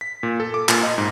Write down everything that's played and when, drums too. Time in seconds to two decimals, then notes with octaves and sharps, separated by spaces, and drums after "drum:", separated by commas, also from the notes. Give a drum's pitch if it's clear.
0.01 B6
0.23 A#2
0.40 A4
0.54 D6
0.69 A#2, drum: clap
0.83 D#5
0.98 G#2